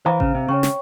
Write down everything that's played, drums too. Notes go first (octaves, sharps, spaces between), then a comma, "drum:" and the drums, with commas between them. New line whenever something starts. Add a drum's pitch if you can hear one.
E3 C5 F5 A#5
C#3, drum: kick A1
C3
C#3 C#5 G5 C#6
drum: snare